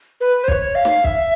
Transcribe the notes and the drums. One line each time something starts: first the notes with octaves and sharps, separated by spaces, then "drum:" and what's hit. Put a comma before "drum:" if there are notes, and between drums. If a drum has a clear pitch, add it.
B4
C5
C#5, drum: kick
F5
drum: snare
E5, drum: kick